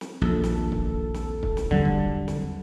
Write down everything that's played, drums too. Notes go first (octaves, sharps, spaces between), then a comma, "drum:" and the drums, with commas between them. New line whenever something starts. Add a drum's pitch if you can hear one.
drum: snare
A#1 D#2 A4
drum: snare
drum: kick
drum: snare
drum: kick
drum: snare
E2 D3 F#3 G3
drum: kick
drum: snare